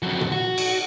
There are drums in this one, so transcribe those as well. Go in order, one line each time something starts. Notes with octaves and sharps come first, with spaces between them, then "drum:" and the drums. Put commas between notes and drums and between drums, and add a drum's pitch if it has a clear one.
F2 F#3
drum: tom
F#4
drum: cymbal